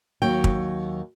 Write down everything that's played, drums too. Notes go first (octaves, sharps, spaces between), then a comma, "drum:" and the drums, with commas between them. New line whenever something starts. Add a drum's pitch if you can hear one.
D#2 F#3 G5
drum: kick